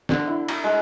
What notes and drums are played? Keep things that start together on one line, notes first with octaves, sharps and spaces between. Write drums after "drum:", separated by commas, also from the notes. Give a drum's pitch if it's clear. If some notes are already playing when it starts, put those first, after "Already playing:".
D3, drum: snare
E4
A#5, drum: cymbal
G#3